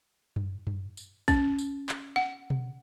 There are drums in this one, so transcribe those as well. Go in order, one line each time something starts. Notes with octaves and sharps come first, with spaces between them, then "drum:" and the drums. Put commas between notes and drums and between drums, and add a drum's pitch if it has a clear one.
drum: tom F#2
drum: tom F#2
drum: tambourine
C#4, drum: kick, tambourine
drum: tambourine
drum: clap
F#5
drum: tom B2